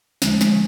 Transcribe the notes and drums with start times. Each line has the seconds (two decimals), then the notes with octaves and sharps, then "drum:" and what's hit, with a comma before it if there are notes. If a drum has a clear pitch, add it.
0.22 E2 D3 F3 G#3, drum: snare
0.32 A3
0.41 G#3, drum: snare
0.51 D3 F3